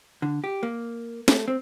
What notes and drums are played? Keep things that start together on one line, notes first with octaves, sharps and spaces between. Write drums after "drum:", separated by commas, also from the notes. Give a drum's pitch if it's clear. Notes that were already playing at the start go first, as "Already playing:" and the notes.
D3
G4
A#3
A3, drum: snare
C4